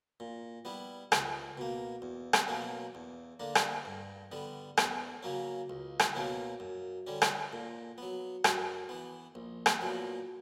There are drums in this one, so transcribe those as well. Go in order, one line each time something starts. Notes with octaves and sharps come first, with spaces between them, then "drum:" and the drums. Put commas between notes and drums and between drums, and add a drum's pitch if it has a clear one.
A#2
G3 B3 E4
C#2, drum: rim click
B2 A#3
E2
drum: rim click
B2 F#3 A#3 C#4
E2
D3 A#3 D4
drum: rim click
G2
D3 G3 B3
E2, drum: rim click
C#3 F#3 A#3 C#4
C#2
drum: rim click
B2 A#3 C#4 E4
F#2
D3 G3 C#4
drum: rim click
A#2
F#3 B3
F#2, drum: rim click
E3 B3
A#1
drum: rim click
A#2 F#3 B3